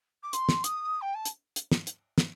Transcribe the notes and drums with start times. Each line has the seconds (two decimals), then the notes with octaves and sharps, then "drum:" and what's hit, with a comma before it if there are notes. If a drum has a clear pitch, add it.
0.23 D6
0.33 C6, drum: hi-hat
0.49 drum: snare
0.64 D#6, drum: hi-hat
1.01 G5
1.15 A5
1.25 drum: hi-hat
1.56 drum: hi-hat
1.72 drum: snare
1.87 drum: hi-hat
2.18 drum: snare